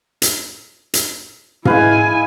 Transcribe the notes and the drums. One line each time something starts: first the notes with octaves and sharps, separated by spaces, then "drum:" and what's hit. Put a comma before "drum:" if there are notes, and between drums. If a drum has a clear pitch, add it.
drum: hi-hat
drum: hi-hat
G#3 E4 B4 F5 G#5, drum: tom